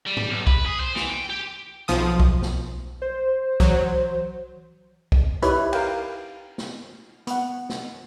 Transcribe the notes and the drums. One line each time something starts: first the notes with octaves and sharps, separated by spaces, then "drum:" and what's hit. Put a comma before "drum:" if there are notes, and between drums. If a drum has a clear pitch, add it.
G3
drum: tom G#2
B1
B4, drum: kick B1
G#4
C5
E3, drum: snare
G5
G4
B1 F3 D#6
drum: kick B1
drum: snare
C5
E3 F#3, drum: kick B1
drum: kick B1
D#4 E4 G4 B4 C#5 E5, drum: hi-hat
A#4 F5 G5, drum: cymbal
drum: snare
B3 F#5, drum: hi-hat
drum: snare